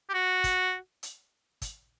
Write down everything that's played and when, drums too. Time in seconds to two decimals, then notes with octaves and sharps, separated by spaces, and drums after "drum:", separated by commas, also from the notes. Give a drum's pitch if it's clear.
0.09 G4
0.14 F#4
0.44 drum: kick, hi-hat
1.03 drum: hi-hat
1.62 drum: kick, hi-hat